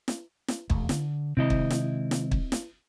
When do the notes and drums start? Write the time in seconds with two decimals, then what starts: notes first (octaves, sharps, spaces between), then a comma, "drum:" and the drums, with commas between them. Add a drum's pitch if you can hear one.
0.08 drum: snare
0.48 drum: snare
0.70 E1 D#2 A3, drum: kick
0.89 D3, drum: snare
1.37 C3 D#3 G#3 C4 E4 D#5
1.50 drum: kick
1.70 drum: snare
2.11 drum: snare
2.32 drum: kick
2.52 drum: snare